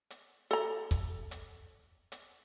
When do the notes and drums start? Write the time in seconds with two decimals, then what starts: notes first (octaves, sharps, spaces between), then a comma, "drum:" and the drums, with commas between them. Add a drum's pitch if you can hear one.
0.10 drum: hi-hat
0.51 A4 A#5, drum: hi-hat
0.91 drum: kick, hi-hat
1.31 drum: hi-hat
2.12 drum: hi-hat